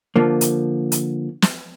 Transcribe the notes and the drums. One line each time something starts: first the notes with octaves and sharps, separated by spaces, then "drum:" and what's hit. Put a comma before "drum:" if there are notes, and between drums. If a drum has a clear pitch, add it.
D3 F3 A#3
drum: hi-hat
drum: hi-hat
drum: snare